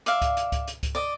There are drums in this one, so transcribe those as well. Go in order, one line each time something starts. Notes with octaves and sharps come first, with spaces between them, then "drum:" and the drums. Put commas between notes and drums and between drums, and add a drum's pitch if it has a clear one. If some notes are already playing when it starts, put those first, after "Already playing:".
D5 E5 F5, drum: hi-hat
drum: kick C#2, hi-hat
drum: hi-hat
drum: kick C#2, hi-hat
drum: hi-hat
drum: kick C#2, hi-hat
D5 D#5